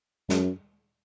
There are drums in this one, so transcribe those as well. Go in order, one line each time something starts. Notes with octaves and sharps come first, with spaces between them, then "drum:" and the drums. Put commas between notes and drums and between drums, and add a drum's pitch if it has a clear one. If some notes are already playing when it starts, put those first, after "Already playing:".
F#2, drum: snare